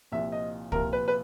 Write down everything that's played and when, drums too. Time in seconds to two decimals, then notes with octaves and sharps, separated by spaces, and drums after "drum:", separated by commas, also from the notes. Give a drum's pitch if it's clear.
0.12 C2 A#2 F3 E5
0.32 D#5
0.72 C2 A#2 F3 A#4, drum: kick
0.93 B4
1.08 B4